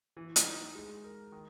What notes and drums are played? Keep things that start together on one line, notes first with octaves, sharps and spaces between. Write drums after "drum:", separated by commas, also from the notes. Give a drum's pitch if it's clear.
E3
drum: hi-hat
D#4
G#3
A#4
D#3